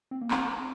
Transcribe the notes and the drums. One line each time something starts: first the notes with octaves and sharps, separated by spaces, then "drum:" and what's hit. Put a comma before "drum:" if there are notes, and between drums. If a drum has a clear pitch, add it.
C4
A#3
C4, drum: clap